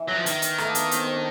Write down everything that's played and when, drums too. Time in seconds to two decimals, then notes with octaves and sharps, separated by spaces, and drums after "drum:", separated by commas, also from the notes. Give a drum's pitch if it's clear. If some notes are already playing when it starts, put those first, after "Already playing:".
Already playing: E3
0.09 F#3
0.17 F3
0.26 D#3, drum: hi-hat
0.42 drum: hi-hat
0.58 A3, drum: rim click
0.66 A#3
0.75 B3, drum: hi-hat
0.91 C4, drum: hi-hat
1.02 C4
1.13 D4